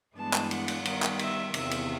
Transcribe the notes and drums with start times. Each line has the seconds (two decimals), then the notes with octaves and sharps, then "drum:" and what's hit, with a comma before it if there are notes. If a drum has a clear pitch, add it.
0.16 G2 E3 G#3 B3 D4 A5
0.33 drum: clap
0.51 F#5, drum: cymbal
0.68 drum: cymbal
0.85 D#3 G3 B3 D#4, drum: cymbal
1.02 drum: clap
1.19 E5, drum: cymbal
1.54 E2 C3 D#3 E5, drum: cymbal
1.71 drum: cymbal